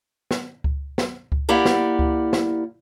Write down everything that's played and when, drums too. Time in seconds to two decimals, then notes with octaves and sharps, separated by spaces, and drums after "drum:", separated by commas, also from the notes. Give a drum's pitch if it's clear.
0.31 drum: snare
0.64 drum: kick C#2
0.98 drum: snare
1.32 drum: kick C#2
1.49 A#3 E4 G4 D5 F#5
1.65 drum: snare
1.99 drum: kick C#2
2.33 drum: snare